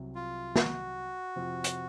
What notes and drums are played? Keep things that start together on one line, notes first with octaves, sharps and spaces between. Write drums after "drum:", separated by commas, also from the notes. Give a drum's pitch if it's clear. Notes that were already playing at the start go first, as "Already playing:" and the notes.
Already playing: C2 C3 F#3
F4
F#4, drum: snare
F2 C3 F3 C4
drum: hi-hat